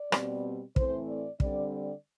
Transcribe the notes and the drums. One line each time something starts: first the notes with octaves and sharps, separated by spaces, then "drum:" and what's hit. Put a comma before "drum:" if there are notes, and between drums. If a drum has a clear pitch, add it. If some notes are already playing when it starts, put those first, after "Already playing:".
Already playing: D5
B2 G3 C4, drum: rim click
A2 E3 A3 C4 C5, drum: kick
D5
D3 G3 C4 D5, drum: kick
D5